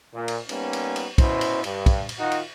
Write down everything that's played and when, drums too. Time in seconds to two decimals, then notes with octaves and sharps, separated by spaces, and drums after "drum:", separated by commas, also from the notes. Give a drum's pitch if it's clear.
0.14 A#2
0.28 drum: cymbal
0.49 G3 A#3 B3 C#4 D#4, drum: cymbal
0.73 drum: cymbal
0.96 drum: cymbal
1.18 B2 C#4 E4 C5, drum: kick, cymbal
1.41 drum: cymbal
1.64 G2, drum: cymbal
1.86 drum: kick, cymbal
2.09 drum: cymbal
2.19 D#3 D#4 F4 F#4
2.32 drum: cymbal